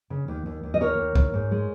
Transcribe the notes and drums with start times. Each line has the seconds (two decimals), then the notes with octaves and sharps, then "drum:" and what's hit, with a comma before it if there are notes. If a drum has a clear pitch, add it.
0.10 C#3
0.28 D#2
0.46 D#2
0.63 D#2
0.74 D#5
0.81 D#2 A#4 C#5
0.98 D#2
1.15 D#2, drum: kick C2
1.34 G#2
1.51 G#3